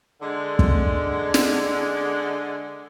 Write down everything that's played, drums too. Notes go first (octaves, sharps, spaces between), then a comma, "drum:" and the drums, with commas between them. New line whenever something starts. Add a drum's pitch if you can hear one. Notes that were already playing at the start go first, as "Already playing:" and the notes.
D3 G#3
drum: kick
drum: snare